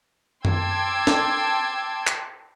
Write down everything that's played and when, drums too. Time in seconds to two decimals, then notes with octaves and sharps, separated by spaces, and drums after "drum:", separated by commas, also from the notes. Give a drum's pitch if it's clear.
0.45 G5 A5 C6 D6 E6 G#6, drum: tom F#2
1.07 drum: snare
2.07 drum: clap